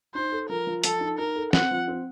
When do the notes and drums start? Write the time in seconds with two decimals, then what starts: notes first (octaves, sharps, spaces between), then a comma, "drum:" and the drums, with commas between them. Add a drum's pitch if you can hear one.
0.14 D#4 C5
0.32 A4
0.49 F3 A#4
0.67 F3
0.84 F3 A4, drum: hi-hat
1.00 D#4
1.18 D#4 A#4
1.36 A4
1.53 C4 F#5, drum: snare
1.71 F3
1.88 C4